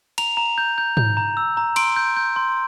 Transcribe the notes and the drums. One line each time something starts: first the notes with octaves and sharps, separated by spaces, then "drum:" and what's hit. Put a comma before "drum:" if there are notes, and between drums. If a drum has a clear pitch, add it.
A#5 F7, drum: cymbal
A#5
G6
G6
G6, drum: tom G#2
A#5
E6
A#5
C6 D7, drum: cymbal
G6
G6
C6